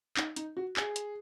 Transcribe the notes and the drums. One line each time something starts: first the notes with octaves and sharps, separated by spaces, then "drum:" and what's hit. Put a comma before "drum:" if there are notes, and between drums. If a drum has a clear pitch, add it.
D#4, drum: clap
D#4, drum: hi-hat
F#4
G#4, drum: clap
drum: hi-hat